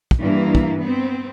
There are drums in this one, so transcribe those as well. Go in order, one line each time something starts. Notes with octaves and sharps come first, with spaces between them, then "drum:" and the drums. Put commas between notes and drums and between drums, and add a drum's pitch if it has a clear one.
drum: kick
G2 E3 A#3
drum: kick
B3 C4